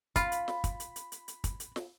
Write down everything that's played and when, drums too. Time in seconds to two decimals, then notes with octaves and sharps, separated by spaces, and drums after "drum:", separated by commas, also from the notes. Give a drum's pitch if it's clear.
0.16 F4 B5, drum: kick, hi-hat
0.32 drum: hi-hat
0.48 drum: snare
0.64 drum: kick, hi-hat
0.80 drum: hi-hat
0.96 drum: hi-hat
1.12 drum: hi-hat
1.28 drum: hi-hat
1.44 drum: kick, hi-hat
1.60 drum: hi-hat
1.76 drum: snare